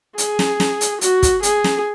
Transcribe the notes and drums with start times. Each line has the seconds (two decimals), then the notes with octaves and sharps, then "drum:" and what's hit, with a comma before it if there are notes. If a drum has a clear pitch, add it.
0.18 G#4, drum: hi-hat
0.39 drum: snare
0.60 drum: snare
0.81 drum: hi-hat
1.01 F#4, drum: hi-hat
1.22 drum: kick, hi-hat
1.43 G#4, drum: hi-hat
1.64 drum: snare